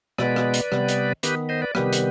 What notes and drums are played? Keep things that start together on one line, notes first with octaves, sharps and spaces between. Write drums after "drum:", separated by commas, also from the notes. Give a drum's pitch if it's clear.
B2 G#3 B3 B4 D5, drum: rim click
drum: rim click
drum: hi-hat
C3 G3 B3, drum: rim click
drum: hi-hat
D#3 B3 G4 B4, drum: hi-hat
C5 D#5
B4 D5
C3 D#3 G3 B3 G4 B4, drum: rim click
drum: hi-hat